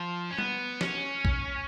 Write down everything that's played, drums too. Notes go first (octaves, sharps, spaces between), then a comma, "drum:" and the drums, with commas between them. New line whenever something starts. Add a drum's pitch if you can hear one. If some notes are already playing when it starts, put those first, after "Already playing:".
Already playing: F3
C#4
B3, drum: tom G3
C#4, drum: snare
drum: kick A#1